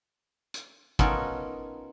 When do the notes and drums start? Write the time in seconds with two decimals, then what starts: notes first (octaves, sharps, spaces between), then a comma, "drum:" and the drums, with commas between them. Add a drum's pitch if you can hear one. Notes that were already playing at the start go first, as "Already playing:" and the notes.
0.54 drum: hi-hat
0.99 B3 C#4 D#4 F4 A4 A#4, drum: kick